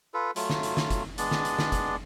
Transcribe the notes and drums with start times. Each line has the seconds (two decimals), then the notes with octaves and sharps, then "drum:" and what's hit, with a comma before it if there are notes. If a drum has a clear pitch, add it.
0.14 F4 A4 B4
0.36 F#3 A3 F4, drum: hi-hat
0.50 drum: snare
0.63 drum: hi-hat
0.77 drum: snare
0.90 drum: kick F#1, hi-hat
1.18 G#3 B3 D4 D5, drum: hi-hat
1.31 drum: snare
1.45 drum: hi-hat
1.59 drum: snare
1.72 drum: kick F#1, hi-hat